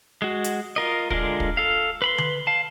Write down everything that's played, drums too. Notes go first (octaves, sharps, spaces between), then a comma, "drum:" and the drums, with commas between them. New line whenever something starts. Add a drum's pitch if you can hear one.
G#3 F#4
drum: hi-hat
F4 A#4 D#5
D3 G#3 D4 F4 A#4, drum: kick
drum: kick
A4 F5
B4 B5 C6
drum: tom D3
F5 A5